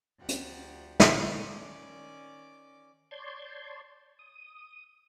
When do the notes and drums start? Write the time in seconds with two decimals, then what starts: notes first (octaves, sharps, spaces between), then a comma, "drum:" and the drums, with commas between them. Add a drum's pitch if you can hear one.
0.20 D2 F3 G4 F#5
0.29 drum: hi-hat
1.00 drum: snare
1.35 D#3 C#4 D5 D6
3.11 C#5 D5 A5 C6 G6 G#6
4.19 D#6